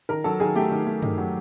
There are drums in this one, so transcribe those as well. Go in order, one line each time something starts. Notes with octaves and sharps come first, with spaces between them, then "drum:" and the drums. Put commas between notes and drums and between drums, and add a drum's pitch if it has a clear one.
D#3 A#4 A#5
F#3 A4 A5
D#3 G#4 G#5
A3 G4 G5
D#3
A3
D#3, drum: tom
F#3